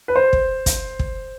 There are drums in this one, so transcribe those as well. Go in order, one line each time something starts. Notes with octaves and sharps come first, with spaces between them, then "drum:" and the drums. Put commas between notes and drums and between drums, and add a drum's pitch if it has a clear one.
B4
C5
drum: kick
drum: kick, hi-hat
drum: kick